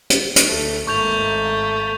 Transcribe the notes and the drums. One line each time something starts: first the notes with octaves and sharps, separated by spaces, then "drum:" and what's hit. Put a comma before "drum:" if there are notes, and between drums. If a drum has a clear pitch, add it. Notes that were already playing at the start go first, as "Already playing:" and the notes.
drum: hi-hat
drum: hi-hat
D2 A3
G#1 A3 A#3 C#6 G6 F7